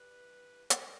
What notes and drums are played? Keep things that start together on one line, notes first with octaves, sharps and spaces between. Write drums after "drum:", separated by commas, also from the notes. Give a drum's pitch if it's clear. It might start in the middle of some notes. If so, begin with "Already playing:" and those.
Already playing: G3 B4
E3
G2
E3
E3 A#4, drum: hi-hat